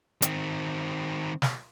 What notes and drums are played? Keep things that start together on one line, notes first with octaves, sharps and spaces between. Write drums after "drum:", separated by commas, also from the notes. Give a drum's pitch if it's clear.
D#3 C4, drum: hi-hat
drum: snare